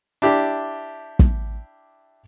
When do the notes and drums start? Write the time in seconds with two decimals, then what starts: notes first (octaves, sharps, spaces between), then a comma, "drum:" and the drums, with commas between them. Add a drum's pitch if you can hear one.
0.22 D4 E4 G4
1.19 drum: kick